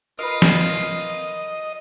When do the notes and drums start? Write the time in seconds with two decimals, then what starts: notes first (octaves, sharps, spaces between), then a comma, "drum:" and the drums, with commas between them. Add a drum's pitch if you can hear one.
0.19 F4 A#4 B4 D#5 F5
0.42 drum: snare